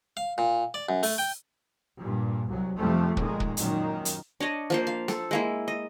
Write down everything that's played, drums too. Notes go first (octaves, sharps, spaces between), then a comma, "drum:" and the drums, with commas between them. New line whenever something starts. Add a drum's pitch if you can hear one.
F5
A#2
D5
F#2
A3, drum: open hi-hat
G5
G2 A#2
C2 F#3
F2 C3 F3 G3 A3
A#2 D#3 G#3, drum: kick
drum: kick
F#2 A#2 D#3, drum: hi-hat
drum: hi-hat
D4 C#5 D#5
F3 A#3 C5
F5
A4, drum: snare
G#3 A#3 E4
D#5